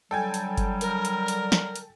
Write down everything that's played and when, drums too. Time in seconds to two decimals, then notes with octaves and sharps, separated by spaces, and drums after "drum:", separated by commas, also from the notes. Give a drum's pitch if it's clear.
0.11 D3 F#3 G3 A4 G5 G#5
0.34 drum: hi-hat
0.57 drum: kick G1, hi-hat
0.81 A#4, drum: hi-hat
1.05 drum: hi-hat
1.28 drum: hi-hat
1.52 drum: snare
1.76 drum: hi-hat